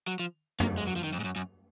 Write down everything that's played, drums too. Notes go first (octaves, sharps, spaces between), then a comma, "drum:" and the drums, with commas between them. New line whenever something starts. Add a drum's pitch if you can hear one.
F#3
F3
A#3, drum: tom F#2
G#3
F#3
F3
D#3
F2
G#2
F#2
F#2